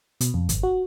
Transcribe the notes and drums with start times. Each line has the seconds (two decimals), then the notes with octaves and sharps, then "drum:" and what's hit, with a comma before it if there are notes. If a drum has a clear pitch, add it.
0.21 B2, drum: hi-hat
0.34 F2
0.49 G#1, drum: kick, hi-hat
0.63 F#4